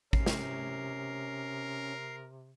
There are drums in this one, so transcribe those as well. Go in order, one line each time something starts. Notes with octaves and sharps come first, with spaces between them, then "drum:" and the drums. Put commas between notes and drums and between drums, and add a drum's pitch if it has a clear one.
C3 C#4 A#4 C7, drum: kick A1
drum: snare